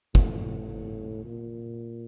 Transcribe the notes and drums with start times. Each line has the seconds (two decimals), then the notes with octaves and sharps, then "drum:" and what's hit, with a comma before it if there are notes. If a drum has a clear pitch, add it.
0.15 A2, drum: kick
1.25 A#2